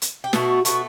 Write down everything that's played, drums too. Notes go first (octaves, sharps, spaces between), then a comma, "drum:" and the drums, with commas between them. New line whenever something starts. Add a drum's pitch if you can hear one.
drum: hi-hat
G4
B2 A3 F#4, drum: snare
B2 A3 F#4, drum: hi-hat